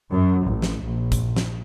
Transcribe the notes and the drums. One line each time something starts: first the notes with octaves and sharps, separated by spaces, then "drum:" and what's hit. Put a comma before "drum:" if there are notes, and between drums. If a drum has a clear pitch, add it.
F#2
A1
drum: snare
A#1
drum: kick, hi-hat
drum: snare